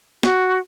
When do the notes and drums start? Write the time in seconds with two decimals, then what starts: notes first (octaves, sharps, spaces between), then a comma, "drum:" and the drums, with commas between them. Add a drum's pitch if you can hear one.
0.23 F#4, drum: snare